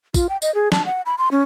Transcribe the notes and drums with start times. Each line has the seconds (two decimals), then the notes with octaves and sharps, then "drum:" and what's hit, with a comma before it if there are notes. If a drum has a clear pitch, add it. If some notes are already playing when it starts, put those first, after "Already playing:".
0.14 F4, drum: kick, tambourine
0.29 G5
0.42 D#5, drum: tambourine
0.55 G#4
0.72 A5, drum: snare
0.86 F#5
1.06 B5
1.18 C6
1.31 C#4